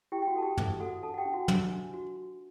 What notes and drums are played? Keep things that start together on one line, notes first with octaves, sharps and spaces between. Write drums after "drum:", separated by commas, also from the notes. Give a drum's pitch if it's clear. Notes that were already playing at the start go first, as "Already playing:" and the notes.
E4 G4 G5
G5
F#4 F#5
A4 A5
G4 G5
A4 E5, drum: tom
F#4 A4 F#5
D4 A4 A5
F#5
G4 G5
D4
F#4 F#5
C5 E5, drum: tom
D4
F#4
F#4